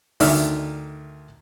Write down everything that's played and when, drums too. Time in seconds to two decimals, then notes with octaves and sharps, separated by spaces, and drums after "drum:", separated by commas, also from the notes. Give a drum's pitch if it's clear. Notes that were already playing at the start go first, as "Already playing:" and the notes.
0.20 D2 D#3 D5 E5 F6, drum: open hi-hat